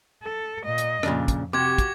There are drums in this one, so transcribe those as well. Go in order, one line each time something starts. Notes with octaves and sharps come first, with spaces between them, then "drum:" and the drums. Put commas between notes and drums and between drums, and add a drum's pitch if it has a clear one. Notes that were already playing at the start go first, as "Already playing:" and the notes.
A4
A#2 D#5
drum: hi-hat
F2 A#2 C#3 D4, drum: rim click
drum: kick, hi-hat
C3 F#4 G4 D6 G#6
drum: kick, hi-hat